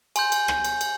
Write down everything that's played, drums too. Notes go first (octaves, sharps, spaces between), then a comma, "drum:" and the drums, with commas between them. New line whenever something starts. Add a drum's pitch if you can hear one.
G#5 C6 G6, drum: cymbal
drum: cymbal
drum: rim click
drum: cymbal
drum: cymbal